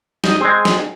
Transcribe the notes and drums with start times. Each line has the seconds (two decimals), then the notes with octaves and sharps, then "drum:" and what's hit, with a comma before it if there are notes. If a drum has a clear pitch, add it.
0.24 G3 D#4 D#5, drum: snare
0.41 G#3 C4 G#4
0.65 drum: snare